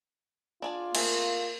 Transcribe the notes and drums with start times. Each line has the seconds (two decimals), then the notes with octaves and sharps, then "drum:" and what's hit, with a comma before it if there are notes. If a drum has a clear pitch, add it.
0.62 D4 F4 G#4 D5
0.95 A3 A#3 C4 G#4, drum: cymbal